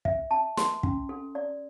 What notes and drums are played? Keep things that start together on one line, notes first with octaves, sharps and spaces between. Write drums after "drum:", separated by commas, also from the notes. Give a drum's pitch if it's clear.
E5, drum: kick
A5
C6, drum: snare
C#4, drum: kick
A4
D5